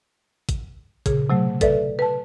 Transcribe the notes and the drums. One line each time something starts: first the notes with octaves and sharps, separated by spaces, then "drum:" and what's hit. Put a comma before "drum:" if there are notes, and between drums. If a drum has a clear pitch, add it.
drum: kick A1, hi-hat
A#2 C#3 G#4, drum: kick A1, hi-hat
C3 F#3 A3
A4 B4 D5 E5, drum: kick A1, hi-hat
B4 A5